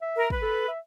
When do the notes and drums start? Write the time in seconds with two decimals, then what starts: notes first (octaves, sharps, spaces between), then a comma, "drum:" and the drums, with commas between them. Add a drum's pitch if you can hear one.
0.02 E5
0.15 A#4
0.30 B4, drum: kick
0.42 A4
0.68 E5